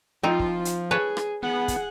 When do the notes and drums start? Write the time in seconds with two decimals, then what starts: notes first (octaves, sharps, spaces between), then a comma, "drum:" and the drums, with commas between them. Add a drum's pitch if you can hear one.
0.23 F3 C4 D#4 F4
0.39 drum: kick
0.65 drum: hi-hat
0.91 G#4 B4 C#5 A5
1.17 drum: rim click
1.43 B3 G#4 F#5
1.68 drum: kick, hi-hat